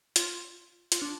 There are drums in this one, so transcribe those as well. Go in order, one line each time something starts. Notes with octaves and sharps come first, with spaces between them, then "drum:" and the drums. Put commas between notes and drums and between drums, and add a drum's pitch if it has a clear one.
F4, drum: hi-hat
F4, drum: hi-hat
D4